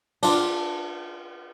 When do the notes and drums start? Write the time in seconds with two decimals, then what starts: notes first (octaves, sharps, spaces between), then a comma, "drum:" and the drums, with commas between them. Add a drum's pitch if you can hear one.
0.23 D4 F4, drum: cymbal